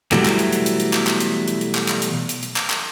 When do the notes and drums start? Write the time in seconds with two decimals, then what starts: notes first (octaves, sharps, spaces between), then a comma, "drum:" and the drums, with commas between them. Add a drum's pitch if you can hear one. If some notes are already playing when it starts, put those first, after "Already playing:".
0.12 B2 E3 F#3 G3 A3, drum: clap
0.25 drum: clap
0.39 drum: hi-hat
0.53 drum: hi-hat
0.66 drum: hi-hat
0.80 drum: hi-hat
0.93 drum: clap
1.07 drum: clap
1.20 drum: hi-hat
1.48 drum: hi-hat
1.61 drum: hi-hat
1.75 drum: clap
1.88 drum: clap
2.02 drum: hi-hat
2.29 drum: hi-hat
2.43 drum: hi-hat
2.56 drum: clap
2.70 drum: clap